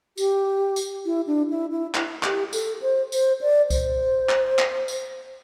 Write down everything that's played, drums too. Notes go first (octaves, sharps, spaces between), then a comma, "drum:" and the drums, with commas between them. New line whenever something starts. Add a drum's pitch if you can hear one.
G4, drum: tambourine
drum: tambourine
E4
D4
E4
E4
E4, drum: clap
G4, drum: clap
A4, drum: tambourine
C5
C5, drum: tambourine
D5
C5, drum: kick C2, tambourine
drum: clap
drum: clap
drum: tambourine